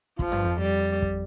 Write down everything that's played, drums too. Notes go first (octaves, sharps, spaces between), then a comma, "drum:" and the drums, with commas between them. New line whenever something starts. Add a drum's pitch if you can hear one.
F2 F3, drum: kick
G2
F2
G3
drum: kick